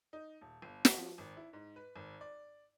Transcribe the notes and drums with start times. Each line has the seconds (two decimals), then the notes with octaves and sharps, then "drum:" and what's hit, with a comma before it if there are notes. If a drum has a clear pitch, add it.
0.13 D#4
0.41 D#1
0.62 G1
0.85 drum: snare
0.96 F3
1.18 G#1
1.37 E4
1.53 G#2
1.76 B4
1.96 G#1
2.21 D5